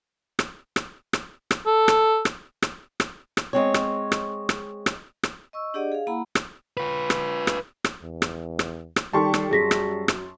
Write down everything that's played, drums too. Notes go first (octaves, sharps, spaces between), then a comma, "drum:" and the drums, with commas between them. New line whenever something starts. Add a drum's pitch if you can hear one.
drum: rim click
drum: rim click
drum: rim click
drum: rim click
A4
drum: rim click
drum: rim click
drum: rim click
drum: rim click
drum: rim click
G#3 C4 C#5
drum: rim click
drum: rim click
drum: rim click
drum: rim click
drum: rim click
D#5 C#6 E6
D4 G4 G#4 D5 D#5 F#5
G#4 F5
A#3 E4 F#5 A#5 B5
drum: rim click
F4 B4
drum: rim click
drum: rim click
drum: rim click
E2
drum: rim click
drum: rim click
drum: rim click
D#3 G3 G4 A4 A5 C6 C#6
drum: rim click
F#2 G3 G#4 A#6 B6
drum: rim click
drum: rim click